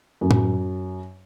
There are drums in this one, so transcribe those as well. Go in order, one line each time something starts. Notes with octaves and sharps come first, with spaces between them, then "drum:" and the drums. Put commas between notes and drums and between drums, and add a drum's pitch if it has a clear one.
F#2
drum: tom A2